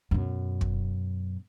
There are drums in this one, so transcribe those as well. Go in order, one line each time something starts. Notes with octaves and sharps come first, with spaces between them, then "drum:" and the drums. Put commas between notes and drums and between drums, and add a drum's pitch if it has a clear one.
F#2 B2
drum: kick